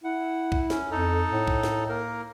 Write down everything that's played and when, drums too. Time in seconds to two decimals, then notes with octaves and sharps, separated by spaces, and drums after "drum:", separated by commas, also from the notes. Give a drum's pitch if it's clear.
0.04 E4 F#5
0.52 drum: kick B1
0.70 C#4, drum: snare
0.91 F2 D#4 A4
1.32 A2
1.48 drum: kick B1
1.63 drum: snare
1.89 A#3 A#4